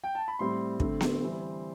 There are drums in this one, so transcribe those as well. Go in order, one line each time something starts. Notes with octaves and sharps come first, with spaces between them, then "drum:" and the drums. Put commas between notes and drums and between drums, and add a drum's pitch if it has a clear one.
G5
A5
B5
A2 G3 C4 C6
D3 A3 C4, drum: kick
drum: snare B3
E3 G3 C4